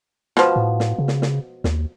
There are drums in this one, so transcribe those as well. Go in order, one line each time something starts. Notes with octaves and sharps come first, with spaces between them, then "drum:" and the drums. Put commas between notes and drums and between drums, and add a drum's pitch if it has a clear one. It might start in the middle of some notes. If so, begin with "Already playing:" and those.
B2 F3, drum: snare
A2
drum: snare
C#3
drum: snare
drum: snare
D#2, drum: snare